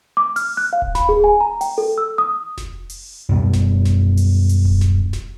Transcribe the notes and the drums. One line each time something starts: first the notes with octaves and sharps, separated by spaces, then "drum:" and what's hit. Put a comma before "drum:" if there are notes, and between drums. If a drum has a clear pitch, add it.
D6
F6, drum: open hi-hat
F#6
F5
drum: kick D1
B5, drum: snare F1
G#4
G#5
A#5
G5, drum: open hi-hat
A4
E6
D#6
drum: snare F1
drum: open hi-hat
F#2 B2 G3 B3
drum: snare F1
drum: snare F1
drum: open hi-hat
drum: open hi-hat
drum: kick D1
drum: snare F1
drum: snare F1